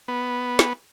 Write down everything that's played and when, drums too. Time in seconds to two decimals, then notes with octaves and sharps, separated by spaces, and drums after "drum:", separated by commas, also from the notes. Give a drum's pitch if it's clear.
0.08 B3
0.59 drum: snare